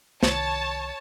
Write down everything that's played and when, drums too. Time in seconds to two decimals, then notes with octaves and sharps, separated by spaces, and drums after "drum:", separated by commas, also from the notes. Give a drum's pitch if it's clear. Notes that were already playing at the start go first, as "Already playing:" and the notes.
0.23 C2 D#3 C#5 A5, drum: snare